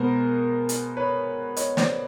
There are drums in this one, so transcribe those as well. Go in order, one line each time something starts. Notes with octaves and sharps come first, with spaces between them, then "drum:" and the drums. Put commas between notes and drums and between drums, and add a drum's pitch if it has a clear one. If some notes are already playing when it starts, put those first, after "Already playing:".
Already playing: B2 G#3 B3 A#4 C5
drum: hi-hat
B4 C#5
C#5 D#5, drum: hi-hat
C5 D5, drum: snare